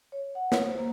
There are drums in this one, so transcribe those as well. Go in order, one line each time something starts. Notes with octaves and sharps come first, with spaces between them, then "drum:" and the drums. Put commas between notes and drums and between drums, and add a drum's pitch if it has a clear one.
C#5
F#5
C#5, drum: snare
C5
A#3